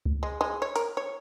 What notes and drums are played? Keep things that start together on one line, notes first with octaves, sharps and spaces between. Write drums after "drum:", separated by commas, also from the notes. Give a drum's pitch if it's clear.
drum: kick C#2
G#3
G#3
C#5
A#4, drum: hi-hat
C#5